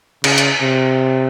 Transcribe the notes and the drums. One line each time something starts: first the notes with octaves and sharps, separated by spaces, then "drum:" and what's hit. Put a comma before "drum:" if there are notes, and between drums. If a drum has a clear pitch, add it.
C#3, drum: cymbal
drum: hi-hat
C3